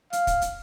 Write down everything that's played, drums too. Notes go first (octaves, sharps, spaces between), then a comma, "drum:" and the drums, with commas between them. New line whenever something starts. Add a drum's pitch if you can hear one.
F5, drum: hi-hat
drum: kick, hi-hat
drum: hi-hat